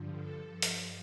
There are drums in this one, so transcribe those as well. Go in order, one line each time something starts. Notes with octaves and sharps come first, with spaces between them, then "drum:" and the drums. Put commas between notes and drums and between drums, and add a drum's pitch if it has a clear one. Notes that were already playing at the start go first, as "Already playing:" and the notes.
Already playing: G2 D3 F3
A4
G2 F3
drum: hi-hat